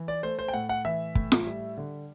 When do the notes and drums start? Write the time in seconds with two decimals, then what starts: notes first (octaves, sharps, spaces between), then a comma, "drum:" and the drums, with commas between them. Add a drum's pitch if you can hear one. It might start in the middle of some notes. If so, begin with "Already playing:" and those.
Already playing: E3
0.08 D5
0.23 A3 C5
0.39 C5
0.48 G5
0.54 A2 F#5
0.69 F#5
0.85 E3 E5
1.15 A2, drum: kick
1.32 drum: snare F4
1.47 G3
1.77 D3